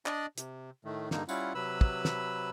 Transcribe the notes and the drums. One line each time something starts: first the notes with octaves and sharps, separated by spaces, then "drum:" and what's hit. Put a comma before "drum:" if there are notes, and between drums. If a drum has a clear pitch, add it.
D4 D5 D#5, drum: clap
C3, drum: hi-hat
A2 D#3 A3
G2 D3 A#3 D#4, drum: snare
G3 C#4 E4 F4 F#5, drum: tambourine
C3 F#3 B4 B5 E6
drum: kick
drum: snare